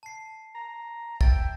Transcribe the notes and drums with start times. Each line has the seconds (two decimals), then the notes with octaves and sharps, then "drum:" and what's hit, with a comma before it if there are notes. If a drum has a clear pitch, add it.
0.03 A5 C7
0.55 A#5
1.21 E5 G5 A6, drum: kick